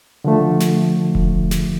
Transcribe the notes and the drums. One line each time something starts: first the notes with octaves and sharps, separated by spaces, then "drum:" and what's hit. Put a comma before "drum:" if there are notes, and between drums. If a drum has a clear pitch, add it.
D3 F3 A3
drum: snare
drum: kick E1
drum: snare